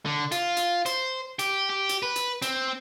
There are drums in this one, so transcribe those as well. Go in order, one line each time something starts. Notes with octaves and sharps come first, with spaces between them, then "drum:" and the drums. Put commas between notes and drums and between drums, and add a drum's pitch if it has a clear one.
D3
F4, drum: hi-hat
drum: hi-hat
C5, drum: hi-hat
G4, drum: hi-hat
G4
drum: hi-hat
B4
drum: hi-hat
C4, drum: hi-hat